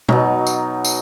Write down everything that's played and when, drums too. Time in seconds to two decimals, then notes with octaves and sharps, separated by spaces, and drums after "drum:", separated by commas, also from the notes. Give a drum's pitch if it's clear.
0.09 B2 F#3 D#4, drum: tom B2
0.47 drum: tambourine
0.85 drum: tambourine